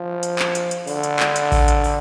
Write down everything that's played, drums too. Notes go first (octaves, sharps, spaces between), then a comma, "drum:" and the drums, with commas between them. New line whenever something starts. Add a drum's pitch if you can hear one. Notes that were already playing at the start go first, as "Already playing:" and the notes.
Already playing: F3
drum: hi-hat
drum: clap
drum: hi-hat
drum: hi-hat
D3, drum: open hi-hat
drum: hi-hat
drum: clap
drum: hi-hat
drum: kick A1, open hi-hat
drum: hi-hat
drum: open hi-hat